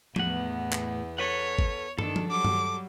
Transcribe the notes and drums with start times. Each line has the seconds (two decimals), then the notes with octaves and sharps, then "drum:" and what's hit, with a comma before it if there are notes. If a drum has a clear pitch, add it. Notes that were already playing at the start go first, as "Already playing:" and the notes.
0.16 E2 A2 B3 F#5, drum: tom F3
0.73 drum: clap
1.18 A4 B4 C#5 F#5
1.59 drum: kick G#1
1.99 D#3 D4 A4, drum: tom
2.16 drum: tom F3
2.30 F#3 G3 D6
2.45 drum: tom G2